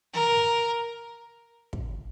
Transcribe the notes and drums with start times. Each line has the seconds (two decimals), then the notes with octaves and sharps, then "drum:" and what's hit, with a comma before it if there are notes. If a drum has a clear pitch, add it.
0.14 A#4, drum: tom
1.73 drum: kick